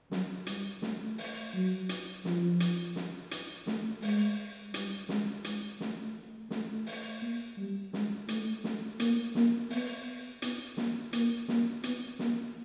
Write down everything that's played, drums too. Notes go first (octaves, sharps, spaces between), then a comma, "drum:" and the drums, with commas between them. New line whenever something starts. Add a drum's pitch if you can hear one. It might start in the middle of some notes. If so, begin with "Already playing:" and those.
F#3, drum: snare
G3, drum: hi-hat
A3, drum: snare
drum: open hi-hat
F#3
drum: hi-hat
F3, drum: snare
drum: hi-hat
drum: snare
drum: hi-hat
A3, drum: snare
G#3, drum: open hi-hat
G3, drum: hi-hat
G#3, drum: snare
G#3, drum: hi-hat
A3, drum: snare
A3, drum: snare
drum: open hi-hat
A#3
G3
G#3, drum: snare
A3, drum: hi-hat
A3, drum: snare
A#3, drum: hi-hat
A#3, drum: snare
B3, drum: open hi-hat
B3, drum: hi-hat
A#3, drum: snare
A#3, drum: hi-hat
A#3, drum: snare
B3, drum: hi-hat
A#3, drum: snare